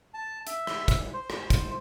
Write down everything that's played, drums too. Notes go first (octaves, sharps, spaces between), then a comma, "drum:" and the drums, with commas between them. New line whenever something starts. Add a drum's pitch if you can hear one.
A5
E5, drum: hi-hat
drum: rim click
drum: kick, hi-hat
C5
drum: rim click
drum: kick, hi-hat